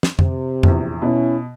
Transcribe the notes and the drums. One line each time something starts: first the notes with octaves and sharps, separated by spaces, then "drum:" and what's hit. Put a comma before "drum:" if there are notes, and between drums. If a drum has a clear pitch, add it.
drum: snare
C3, drum: tom F2
A#1 E2, drum: tom F2
B2 C#4 E4